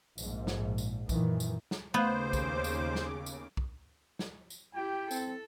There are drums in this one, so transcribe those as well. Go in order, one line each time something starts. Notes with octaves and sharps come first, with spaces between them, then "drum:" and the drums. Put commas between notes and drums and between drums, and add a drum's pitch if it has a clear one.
A#1 G#2, drum: tambourine
drum: snare
drum: tambourine
F#2 A#2 D#3 E3, drum: kick B1, tambourine
drum: tambourine
drum: snare
D#2 C#3 A3 B3 C5 F5 D6
drum: kick B1, tambourine
drum: tambourine
drum: snare
drum: tambourine
drum: kick B1
drum: snare
drum: tambourine
E4 G4 G5
C4 A4, drum: tambourine